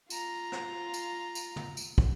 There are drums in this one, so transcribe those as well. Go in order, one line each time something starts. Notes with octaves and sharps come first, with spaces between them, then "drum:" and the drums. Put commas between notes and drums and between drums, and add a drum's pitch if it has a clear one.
F4 A#5, drum: tambourine
drum: rim click
drum: tambourine
drum: tambourine
drum: tom
drum: tambourine
drum: kick